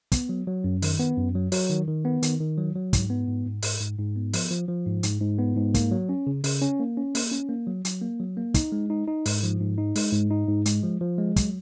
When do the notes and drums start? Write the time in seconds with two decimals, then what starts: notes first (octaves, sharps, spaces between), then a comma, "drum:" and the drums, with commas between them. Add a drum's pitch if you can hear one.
0.12 B3, drum: kick, hi-hat
0.29 F#3
0.47 F#3
0.64 F#2
0.82 D#3, drum: open hi-hat
0.99 B3
1.17 F#2
1.35 F#3
1.52 F#3, drum: open hi-hat
1.70 D#3
1.88 D#3
2.05 B3
2.22 D#3, drum: hi-hat
2.40 D#3
2.58 F#3
2.75 F#3
2.93 G#2, drum: kick, hi-hat
3.10 B3
3.27 G#2
3.46 G#2
3.63 G#2, drum: open hi-hat
3.80 G#2
3.98 G#2
4.16 B3
4.34 F3, drum: open hi-hat
4.50 F3
4.68 F3
4.86 G#2
5.03 G#2, drum: hi-hat
5.21 G#2
5.38 B3
5.56 G#2
5.74 A#3, drum: kick, hi-hat
5.91 F#3
6.09 C#4
6.27 C#3
6.44 C#3, drum: open hi-hat
6.62 C#4
6.80 A#3
6.97 C#4
7.15 A#3, drum: open hi-hat
7.32 C#4
7.49 A#3
7.67 F#3
7.85 F#3, drum: hi-hat
8.02 A#3
8.20 F#3
8.37 A#3
8.54 D#4, drum: kick, hi-hat
8.72 G#3
8.90 D#4
9.08 D#4
9.26 G#2, drum: open hi-hat
9.43 F3
9.61 G#2
9.78 D#4
9.96 G#3, drum: open hi-hat
10.13 G#2
10.31 D#4
10.48 G#2
10.66 G#3, drum: hi-hat
10.83 F3
11.01 F3
11.18 G#3
11.36 F#3, drum: kick, hi-hat